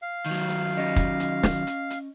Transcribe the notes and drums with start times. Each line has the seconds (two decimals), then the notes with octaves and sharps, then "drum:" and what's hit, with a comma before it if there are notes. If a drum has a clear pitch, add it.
0.02 F5
0.26 D#3 F#3
0.49 drum: hi-hat
0.77 C#4 D#5
0.96 drum: kick, hi-hat
1.20 drum: hi-hat
1.43 drum: snare
1.67 drum: hi-hat
1.90 drum: hi-hat